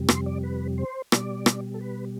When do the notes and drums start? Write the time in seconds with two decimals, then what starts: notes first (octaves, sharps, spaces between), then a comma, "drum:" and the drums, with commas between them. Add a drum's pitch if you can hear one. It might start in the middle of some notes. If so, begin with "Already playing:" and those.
Already playing: F2 C3 G3
0.08 C6, drum: rim click
0.26 D5
0.43 B4
0.78 C5
1.12 B2 G3 D5, drum: rim click
1.46 drum: rim click
1.74 A4
1.81 B4